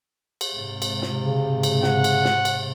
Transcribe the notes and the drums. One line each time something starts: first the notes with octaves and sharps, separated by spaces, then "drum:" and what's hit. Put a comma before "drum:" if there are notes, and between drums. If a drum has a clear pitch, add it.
drum: cymbal
G#2 C3
drum: cymbal
drum: snare
C#3
drum: cymbal
F#5, drum: snare
drum: cymbal
drum: snare
drum: cymbal